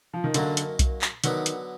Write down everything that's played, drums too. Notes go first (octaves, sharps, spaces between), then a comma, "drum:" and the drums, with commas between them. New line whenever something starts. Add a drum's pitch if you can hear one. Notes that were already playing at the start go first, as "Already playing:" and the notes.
F3
D#3
F#2 D3 D#3 F#3 A#3, drum: hi-hat
drum: hi-hat
drum: kick B1, hi-hat
drum: clap
D3 D#3 F#3 B3, drum: hi-hat
drum: hi-hat